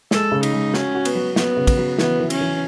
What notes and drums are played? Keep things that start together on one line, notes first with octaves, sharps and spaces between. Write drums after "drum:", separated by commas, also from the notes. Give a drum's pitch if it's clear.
G#3 A4, drum: snare
C#3
D#4, drum: cymbal
G#3
C#4 F#4, drum: snare
F#4
B3, drum: cymbal
F#3
F#3 B3, drum: snare
C#3
drum: kick, cymbal
F#3
E3 B3, drum: snare
E3
C#4, drum: cymbal
E3